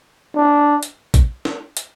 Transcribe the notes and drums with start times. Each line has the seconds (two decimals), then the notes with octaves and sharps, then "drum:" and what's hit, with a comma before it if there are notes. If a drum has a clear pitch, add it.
0.36 D4
0.83 drum: hi-hat
1.14 drum: kick, hi-hat
1.45 drum: snare
1.77 drum: hi-hat